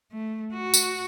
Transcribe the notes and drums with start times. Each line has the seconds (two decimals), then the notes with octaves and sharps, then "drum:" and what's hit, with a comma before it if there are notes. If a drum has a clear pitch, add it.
0.12 A3
0.53 F#4
0.74 drum: tambourine